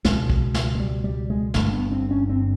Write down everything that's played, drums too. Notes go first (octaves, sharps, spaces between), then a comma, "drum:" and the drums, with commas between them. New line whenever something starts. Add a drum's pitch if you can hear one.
C#2 B2 G#3, drum: snare
drum: kick
drum: snare
G#3
G3
G3
G#3
G1 G2 D3 A3, drum: snare
B3
C4
C#4
C4